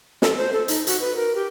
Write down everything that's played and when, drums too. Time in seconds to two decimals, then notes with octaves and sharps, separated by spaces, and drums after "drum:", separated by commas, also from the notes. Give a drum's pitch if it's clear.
0.22 A4, drum: snare
0.37 C5
0.53 A4
0.68 D#4, drum: hi-hat
0.87 F#4, drum: hi-hat
1.01 B4
1.16 A#4
1.35 G4